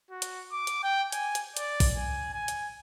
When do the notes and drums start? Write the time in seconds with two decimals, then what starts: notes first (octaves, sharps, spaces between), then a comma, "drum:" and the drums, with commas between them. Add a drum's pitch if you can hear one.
0.10 F#4
0.22 drum: hi-hat
0.52 D6
0.67 drum: hi-hat
0.83 G5
1.12 G#5, drum: hi-hat
1.35 drum: hi-hat
1.57 D5, drum: hi-hat
1.80 drum: kick, open hi-hat
1.95 G#5
2.34 G#5
2.48 drum: hi-hat